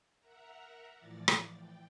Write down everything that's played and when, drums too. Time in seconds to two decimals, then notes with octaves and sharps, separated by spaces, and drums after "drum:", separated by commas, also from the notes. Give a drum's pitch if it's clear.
0.20 A#4 E5 F#5 A#5
0.97 A2 E3 F3 D5 A6
1.28 drum: rim click
1.54 G5